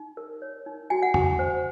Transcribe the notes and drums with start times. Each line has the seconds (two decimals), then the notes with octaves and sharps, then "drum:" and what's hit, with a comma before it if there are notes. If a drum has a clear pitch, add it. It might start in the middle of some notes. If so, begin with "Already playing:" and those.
Already playing: D#4
0.17 A#4
0.42 C#5
0.66 D#4
0.90 F#4 G#5
1.03 F#5
1.14 F#4 G#5, drum: tom E2
1.39 C5